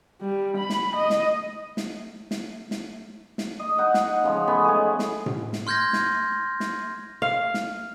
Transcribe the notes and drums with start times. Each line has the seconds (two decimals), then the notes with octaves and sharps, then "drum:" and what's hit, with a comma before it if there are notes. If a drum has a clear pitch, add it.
0.21 G3
0.57 B5
0.70 drum: snare
0.95 D#5
1.10 drum: snare
1.77 drum: snare
2.31 drum: snare
2.71 drum: snare
3.38 drum: snare
3.59 D#5
3.78 D#4 F#5
3.94 F#5, drum: snare
4.24 C#3 F3 G#3
4.47 A3 B3 C#4
4.64 G#3 G#4
4.99 drum: snare
5.26 drum: tom A2
5.53 drum: snare
5.67 C6 F6 G6 G#6 A#6
5.93 drum: snare
6.60 drum: snare
7.22 F5
7.54 drum: snare